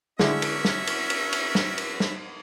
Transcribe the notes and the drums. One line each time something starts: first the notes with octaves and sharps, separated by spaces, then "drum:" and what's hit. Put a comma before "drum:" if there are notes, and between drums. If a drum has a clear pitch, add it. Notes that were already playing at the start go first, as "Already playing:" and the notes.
D3 G#3 C#4 E4 F#4 E5, drum: snare
drum: cymbal
drum: snare
drum: cymbal
drum: cymbal
drum: cymbal
drum: snare
drum: cymbal
drum: snare